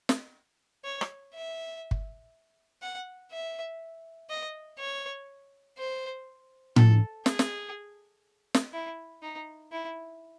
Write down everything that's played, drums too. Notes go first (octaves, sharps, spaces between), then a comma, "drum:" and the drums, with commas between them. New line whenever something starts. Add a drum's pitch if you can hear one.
drum: snare
C#5
drum: rim click
E5
drum: kick
F#5
E5
D#5
C#5
C5
A4, drum: tom A2
G#4, drum: snare
drum: snare
drum: snare
E4
D#4
E4